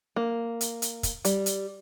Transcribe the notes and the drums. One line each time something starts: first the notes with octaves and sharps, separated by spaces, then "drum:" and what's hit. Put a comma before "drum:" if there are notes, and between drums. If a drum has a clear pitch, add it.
A#3
drum: hi-hat
drum: hi-hat
drum: kick, hi-hat
G3, drum: hi-hat
drum: hi-hat